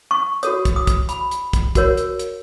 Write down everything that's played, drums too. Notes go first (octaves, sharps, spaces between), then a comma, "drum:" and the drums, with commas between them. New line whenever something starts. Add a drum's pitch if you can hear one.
C#6
F#4 A4 C#5 D#6, drum: hi-hat
drum: kick, hi-hat
D#6
drum: kick, hi-hat
B5, drum: hi-hat
drum: hi-hat
drum: kick, hi-hat
F#4 A#4 C#5, drum: kick, hi-hat
drum: hi-hat
drum: hi-hat